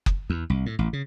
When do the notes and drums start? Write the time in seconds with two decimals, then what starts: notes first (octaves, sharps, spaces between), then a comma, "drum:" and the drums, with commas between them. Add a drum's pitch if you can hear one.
0.06 drum: kick F#1
0.30 E2
0.50 C2
0.66 A2
0.79 A1
0.93 C#3